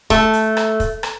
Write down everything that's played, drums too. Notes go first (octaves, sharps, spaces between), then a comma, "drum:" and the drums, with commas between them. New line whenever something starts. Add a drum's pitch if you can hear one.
A3, drum: kick, hi-hat
drum: hi-hat
drum: rim click
drum: kick, hi-hat
drum: rim click